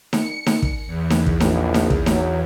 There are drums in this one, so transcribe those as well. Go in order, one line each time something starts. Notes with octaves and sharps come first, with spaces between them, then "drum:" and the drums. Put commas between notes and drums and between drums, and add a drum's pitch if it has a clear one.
C#7, drum: snare D#4
drum: snare D#4
drum: kick
E2
drum: snare D#4
drum: kick
A#1, drum: snare D#4
drum: snare D#4
drum: kick
F#3, drum: snare D#4